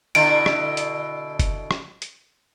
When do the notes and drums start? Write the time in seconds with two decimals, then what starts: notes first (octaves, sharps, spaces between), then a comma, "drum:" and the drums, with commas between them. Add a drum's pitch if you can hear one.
0.15 B2 D3 E4 D7, drum: hi-hat
0.46 drum: rim click
0.77 drum: hi-hat
1.40 drum: kick F#1, hi-hat
1.71 drum: rim click
2.02 drum: hi-hat